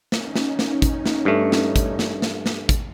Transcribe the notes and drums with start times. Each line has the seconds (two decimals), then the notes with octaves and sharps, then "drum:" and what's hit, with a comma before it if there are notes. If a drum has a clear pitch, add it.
0.12 C#4 D#4, drum: snare
0.35 drum: snare
0.59 drum: snare
0.82 drum: kick, hi-hat
1.06 drum: snare
1.25 G2 A3
1.52 drum: snare
1.76 drum: kick, hi-hat
1.99 drum: snare
2.22 drum: snare
2.46 drum: snare
2.69 drum: kick, hi-hat